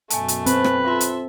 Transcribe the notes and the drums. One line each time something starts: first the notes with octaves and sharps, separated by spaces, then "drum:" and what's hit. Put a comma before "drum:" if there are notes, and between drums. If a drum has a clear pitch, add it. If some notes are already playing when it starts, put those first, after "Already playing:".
F#2 B2 A3 G#5 A5, drum: hi-hat
drum: hi-hat
C4 B4, drum: hi-hat
drum: rim click
F4 A4 E5 C6
drum: hi-hat